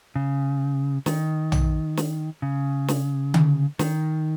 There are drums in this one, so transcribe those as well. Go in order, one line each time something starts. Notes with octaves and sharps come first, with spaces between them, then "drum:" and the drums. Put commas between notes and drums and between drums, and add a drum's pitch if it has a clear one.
C#3
D#3, drum: snare
drum: tom
drum: snare
C#3
drum: snare
drum: tom D3
D#3, drum: snare